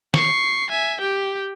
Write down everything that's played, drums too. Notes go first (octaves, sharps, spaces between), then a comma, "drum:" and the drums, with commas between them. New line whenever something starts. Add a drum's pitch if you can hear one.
C#6 C7, drum: snare D#3
E5 G#5
G4 G5